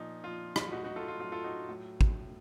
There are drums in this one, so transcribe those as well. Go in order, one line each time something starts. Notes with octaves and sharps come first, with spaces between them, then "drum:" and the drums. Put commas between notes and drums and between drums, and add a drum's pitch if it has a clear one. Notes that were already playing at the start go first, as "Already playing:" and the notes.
Already playing: A#2 F3 D#4
A#2 F3 F4
drum: rim click
A2 F#3 D#4 F#4
D#4 F#4
F4 A4
F4
A2 F#3 F4
F4 A4
D#4 F#4
A2 F#3
drum: kick